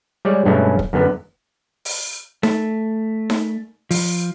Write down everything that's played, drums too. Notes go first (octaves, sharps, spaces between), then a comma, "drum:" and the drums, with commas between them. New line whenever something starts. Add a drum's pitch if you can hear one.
G3 G#3 C#5 D5
G2 B2 F#3 G#3 A3 C#4
drum: kick
F#2 D3 B3
drum: open hi-hat
A3, drum: snare D#4
drum: snare D#4
F3, drum: open hi-hat